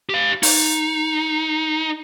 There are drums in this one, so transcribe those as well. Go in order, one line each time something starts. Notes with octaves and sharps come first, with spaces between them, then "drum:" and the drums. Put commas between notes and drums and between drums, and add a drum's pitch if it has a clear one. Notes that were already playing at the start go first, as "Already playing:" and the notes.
G4 F5
D#4, drum: open hi-hat